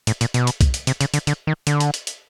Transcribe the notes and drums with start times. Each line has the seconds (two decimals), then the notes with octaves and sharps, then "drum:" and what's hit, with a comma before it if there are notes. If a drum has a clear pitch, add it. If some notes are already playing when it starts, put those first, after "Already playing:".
0.07 A2, drum: hi-hat
0.21 A#2, drum: hi-hat
0.34 B2, drum: hi-hat
0.47 drum: hi-hat
0.61 drum: kick C2, hi-hat
0.74 drum: hi-hat
0.87 C3, drum: hi-hat
1.01 C#3, drum: hi-hat
1.14 D3, drum: hi-hat
1.27 D3, drum: hi-hat
1.47 D#3
1.67 D3, drum: hi-hat
1.80 drum: hi-hat
1.94 drum: hi-hat
2.07 drum: hi-hat